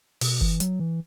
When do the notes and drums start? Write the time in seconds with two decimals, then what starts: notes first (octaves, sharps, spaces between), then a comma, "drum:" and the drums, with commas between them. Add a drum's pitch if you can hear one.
0.21 B2, drum: open hi-hat
0.41 E3, drum: kick F#1
0.60 F#3, drum: hi-hat
0.79 E3